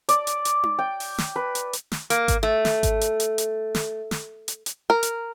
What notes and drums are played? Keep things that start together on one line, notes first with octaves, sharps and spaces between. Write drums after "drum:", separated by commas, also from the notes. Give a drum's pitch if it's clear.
D5, drum: hi-hat
drum: hi-hat
drum: hi-hat
drum: tom D#4
G5
drum: open hi-hat
drum: snare
B4
drum: hi-hat
drum: hi-hat
drum: snare
A#3, drum: hi-hat
drum: kick G#1, hi-hat
A3
drum: snare
drum: kick G#1, hi-hat
drum: hi-hat
drum: hi-hat
drum: hi-hat
drum: snare
drum: snare
drum: hi-hat
drum: hi-hat
A#4
drum: hi-hat